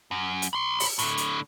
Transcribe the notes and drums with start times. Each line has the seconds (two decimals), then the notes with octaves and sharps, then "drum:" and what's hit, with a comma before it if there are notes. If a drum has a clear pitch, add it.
0.11 F#2
0.42 drum: hi-hat
0.53 B5 C6
0.80 drum: open hi-hat
0.99 A2 D3, drum: hi-hat
1.17 drum: hi-hat